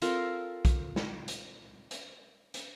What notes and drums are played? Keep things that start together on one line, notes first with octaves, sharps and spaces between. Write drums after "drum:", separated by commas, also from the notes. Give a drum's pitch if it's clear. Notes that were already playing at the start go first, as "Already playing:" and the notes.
C4 F4 A4 A#4, drum: hi-hat
drum: kick B1, hi-hat
drum: snare
drum: hi-hat
drum: hi-hat
drum: hi-hat